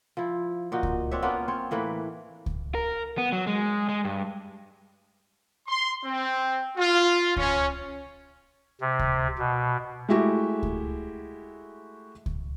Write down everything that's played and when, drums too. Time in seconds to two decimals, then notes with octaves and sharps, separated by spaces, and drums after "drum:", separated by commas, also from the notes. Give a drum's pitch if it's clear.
0.17 F3 E4
0.72 A#2 D#4 F#4
0.83 drum: kick C#2
1.11 C4 D4 C#5 E5
1.23 A#3 B3 C#4 F4
1.48 C4 C5 C#5
1.71 A2 E3 A#3 B4
2.46 drum: kick C#2
2.75 A#4
3.18 B3
3.32 F#3
3.47 G#3
3.89 G#3
4.05 G2
5.68 C6
6.04 C4
6.77 F4
7.36 C#4, drum: kick C#2
8.81 C3
8.99 drum: kick C#2
9.38 B2
10.08 G#3 A3 E4 F#4 G4 E5
10.63 drum: kick C#2
12.26 drum: kick C#2